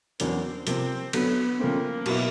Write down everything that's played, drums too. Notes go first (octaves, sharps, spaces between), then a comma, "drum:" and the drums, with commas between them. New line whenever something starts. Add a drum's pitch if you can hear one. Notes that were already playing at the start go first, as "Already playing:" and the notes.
E2 C#3 F#3 A#3 C4 D4, drum: hi-hat
C3 F3 A#3 C4, drum: hi-hat
D3 F#3 A3 B3, drum: cymbal
C#3 F3 A3 A#3 C4
B2 F#3 B3 E4, drum: cymbal